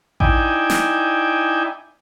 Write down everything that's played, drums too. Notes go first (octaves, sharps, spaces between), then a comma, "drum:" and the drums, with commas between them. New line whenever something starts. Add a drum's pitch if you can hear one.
D#4 E4 D5 G5 G#5, drum: kick A1
drum: snare